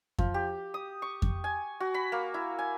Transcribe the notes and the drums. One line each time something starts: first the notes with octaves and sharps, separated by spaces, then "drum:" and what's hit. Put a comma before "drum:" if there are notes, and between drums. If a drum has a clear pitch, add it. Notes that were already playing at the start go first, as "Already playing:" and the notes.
F3, drum: kick F2
G4
D#6
C#6
drum: kick F2
G#5
F#4
B5
A#3
E4
G#5